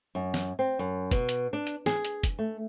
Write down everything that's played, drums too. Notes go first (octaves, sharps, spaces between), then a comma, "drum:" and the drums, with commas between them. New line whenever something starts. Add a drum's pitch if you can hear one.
F#2
drum: snare
C4
F#2
B2, drum: kick, hi-hat
drum: hi-hat
D4
drum: hi-hat
G#4, drum: snare
drum: hi-hat
drum: kick, hi-hat
A3